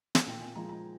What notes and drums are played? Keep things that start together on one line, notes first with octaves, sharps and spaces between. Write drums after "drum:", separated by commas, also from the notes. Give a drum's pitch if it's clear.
G#5, drum: snare
A#2 G5
G#5
F3 G#3 A#5
A#5